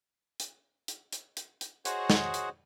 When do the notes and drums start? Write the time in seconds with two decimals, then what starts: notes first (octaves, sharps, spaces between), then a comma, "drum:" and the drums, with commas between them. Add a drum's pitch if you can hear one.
0.40 drum: hi-hat
0.88 drum: hi-hat
1.12 drum: hi-hat
1.37 drum: hi-hat
1.61 drum: hi-hat
1.85 F#4 G#4 C5 C#5 D#5 F#5, drum: hi-hat
2.10 drum: snare
2.34 drum: hi-hat